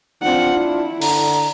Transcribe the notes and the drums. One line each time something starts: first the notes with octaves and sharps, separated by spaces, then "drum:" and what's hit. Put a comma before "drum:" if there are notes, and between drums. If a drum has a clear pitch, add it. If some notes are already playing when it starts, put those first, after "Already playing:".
C4 D4 F4 F#5
E4
D3 A#5, drum: open hi-hat